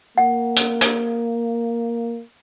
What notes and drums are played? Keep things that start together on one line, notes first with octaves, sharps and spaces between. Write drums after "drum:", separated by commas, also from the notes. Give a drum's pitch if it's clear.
A#3 F#5
drum: hi-hat
drum: hi-hat